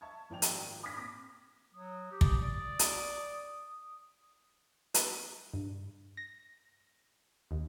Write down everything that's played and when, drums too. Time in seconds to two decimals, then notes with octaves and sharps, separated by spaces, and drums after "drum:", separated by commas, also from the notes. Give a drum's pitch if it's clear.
0.01 E5 A5 C#6 G#6
0.30 G#1 F3 D5 G5 F7
0.42 drum: hi-hat
0.83 B5 D6 F6 G#6 A#6 B6
0.96 A#2 C4 D6 A#6
1.74 F#3 D#6
2.11 G4
2.21 drum: kick
2.43 D5
2.79 drum: hi-hat
4.94 B4, drum: hi-hat
5.54 G2
6.17 A#6
7.51 D#2